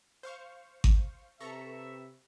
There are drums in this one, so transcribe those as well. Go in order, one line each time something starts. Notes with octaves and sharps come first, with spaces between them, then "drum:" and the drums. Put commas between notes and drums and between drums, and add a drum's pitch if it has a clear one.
C5 F5 C#6
drum: kick G#1
C3 A4 B4 E5 A#5 C#6